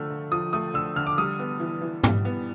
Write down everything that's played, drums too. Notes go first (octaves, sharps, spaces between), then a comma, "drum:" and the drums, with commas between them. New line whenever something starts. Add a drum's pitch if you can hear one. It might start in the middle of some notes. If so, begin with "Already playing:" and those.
Already playing: D3 F3 A3 E6 F6
D3
F3 D#6
A3 D#6
D3 E6
D3 F6
D6
G3 D#6
B3
E3
E3
G3, drum: tom
B3